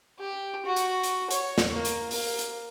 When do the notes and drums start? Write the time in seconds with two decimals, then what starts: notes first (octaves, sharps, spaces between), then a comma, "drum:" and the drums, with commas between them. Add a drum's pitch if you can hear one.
0.20 G4
0.65 F#4
0.76 drum: hi-hat
1.03 drum: hi-hat
1.31 C#5, drum: hi-hat
1.58 drum: snare
1.73 A#3
1.85 drum: hi-hat
2.11 A#3, drum: open hi-hat
2.39 drum: hi-hat